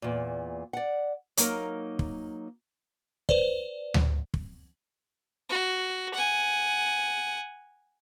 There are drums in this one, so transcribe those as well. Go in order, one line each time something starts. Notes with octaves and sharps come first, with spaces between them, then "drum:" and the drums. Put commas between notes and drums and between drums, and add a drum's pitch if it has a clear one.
E2 A#2
D5 F#5
F#3 A#3 D#4 A#4, drum: hi-hat
drum: kick
B4 C5 D5, drum: kick
drum: tom D2
drum: kick
F#4
F#5 G#5